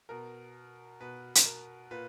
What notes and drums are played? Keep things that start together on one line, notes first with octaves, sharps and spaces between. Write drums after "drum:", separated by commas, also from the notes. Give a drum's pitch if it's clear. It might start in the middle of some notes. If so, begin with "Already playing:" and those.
B2 A#4
B2 B4
drum: hi-hat
A#4
A#2 B4